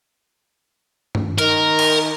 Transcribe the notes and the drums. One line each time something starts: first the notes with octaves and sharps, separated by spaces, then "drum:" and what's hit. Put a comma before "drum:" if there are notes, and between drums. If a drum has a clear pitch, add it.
drum: tom G2
D#3 A#4, drum: hi-hat
drum: cymbal